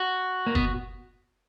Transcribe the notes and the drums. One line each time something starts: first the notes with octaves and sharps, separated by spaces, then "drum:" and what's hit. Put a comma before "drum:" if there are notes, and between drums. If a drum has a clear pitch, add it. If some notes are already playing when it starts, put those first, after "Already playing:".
Already playing: F#4
A#3
B3, drum: kick F#1